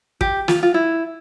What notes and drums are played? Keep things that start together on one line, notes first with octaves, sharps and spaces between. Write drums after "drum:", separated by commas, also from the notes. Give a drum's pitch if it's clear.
G4, drum: kick
F4, drum: snare
F4
E4